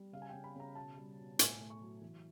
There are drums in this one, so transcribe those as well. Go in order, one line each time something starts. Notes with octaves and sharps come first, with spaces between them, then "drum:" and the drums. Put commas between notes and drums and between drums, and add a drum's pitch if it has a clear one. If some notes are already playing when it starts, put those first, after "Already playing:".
Already playing: G3
C#3 F5
G#5
C#3 G5
B5
C#3 A#5
B2 A5
G3
B2
A2 G#5, drum: hi-hat
A3
C#6
F#3
E3